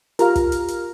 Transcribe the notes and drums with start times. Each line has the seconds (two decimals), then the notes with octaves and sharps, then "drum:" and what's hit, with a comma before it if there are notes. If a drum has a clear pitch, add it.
0.19 F4 G4 A#4 F5 A#5 F6, drum: hi-hat
0.35 drum: kick, hi-hat
0.52 drum: hi-hat
0.68 drum: hi-hat